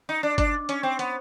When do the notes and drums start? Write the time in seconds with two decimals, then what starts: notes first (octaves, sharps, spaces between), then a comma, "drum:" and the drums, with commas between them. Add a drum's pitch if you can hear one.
0.09 D#4
0.23 D4
0.38 D4, drum: kick G1, hi-hat
0.69 C#4, drum: hi-hat
0.83 C4
0.99 B3, drum: hi-hat